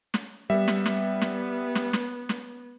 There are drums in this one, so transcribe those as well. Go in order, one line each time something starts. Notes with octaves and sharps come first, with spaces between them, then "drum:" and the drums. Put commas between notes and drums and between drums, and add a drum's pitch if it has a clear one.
drum: snare
G3 B3 E5
drum: snare
drum: snare
drum: snare
drum: snare
drum: snare
drum: snare